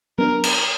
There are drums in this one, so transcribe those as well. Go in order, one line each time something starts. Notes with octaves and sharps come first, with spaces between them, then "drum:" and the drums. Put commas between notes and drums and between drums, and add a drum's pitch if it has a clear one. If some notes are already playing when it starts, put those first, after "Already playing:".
F#3 B3 D4 A#4
drum: cymbal